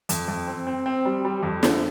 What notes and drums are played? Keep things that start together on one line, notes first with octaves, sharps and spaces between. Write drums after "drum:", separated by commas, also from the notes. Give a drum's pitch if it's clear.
F2, drum: hi-hat
F2
C4
C4
C4
G3
G3
F2
D3, drum: snare